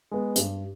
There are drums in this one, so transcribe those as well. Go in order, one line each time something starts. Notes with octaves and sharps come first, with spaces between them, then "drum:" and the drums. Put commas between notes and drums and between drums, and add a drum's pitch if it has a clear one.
G#3 B3
G2, drum: hi-hat